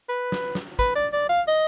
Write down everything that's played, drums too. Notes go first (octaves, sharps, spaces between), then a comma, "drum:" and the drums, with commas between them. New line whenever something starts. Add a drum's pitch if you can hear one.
B4
drum: snare
drum: snare
B4, drum: kick
D5
D5
F5
D#5